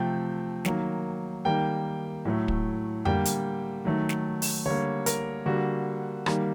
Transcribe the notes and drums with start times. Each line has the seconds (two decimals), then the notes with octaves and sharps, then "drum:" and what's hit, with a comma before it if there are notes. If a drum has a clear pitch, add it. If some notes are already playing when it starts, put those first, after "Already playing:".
Already playing: C3 F3 A3 G5
0.65 D#3 F#3 A#3, drum: snare
1.45 D#3 G3 A#3 G5
2.25 A2 F#3 A3
2.48 drum: kick
3.05 D3 G3 A#3 G5, drum: tom F2
3.25 drum: hi-hat
3.85 D#3 F#3 A3
4.09 drum: snare
4.42 drum: open hi-hat
4.66 D3 G3 A#3 C#5
5.06 A#4, drum: hi-hat
5.46 D3 G3 A#3 F#4
6.26 D#3 G3 A#3, drum: rim click